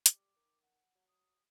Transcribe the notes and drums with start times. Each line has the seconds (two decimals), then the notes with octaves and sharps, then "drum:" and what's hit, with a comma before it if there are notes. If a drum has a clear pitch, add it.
0.06 G3 D6, drum: hi-hat
0.36 D#3
0.63 F#5
0.95 F#3
1.08 D#6